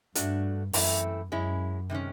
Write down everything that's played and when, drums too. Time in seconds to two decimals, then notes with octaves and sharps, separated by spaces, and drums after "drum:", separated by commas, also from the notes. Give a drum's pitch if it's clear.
0.15 G2 A3 D4 F#4, drum: hi-hat
0.73 F#2 E3 A3 C4 E4 A4, drum: open hi-hat
1.32 F#2 G#3 C#4 E4
1.90 C3 D#3 G#3 C#4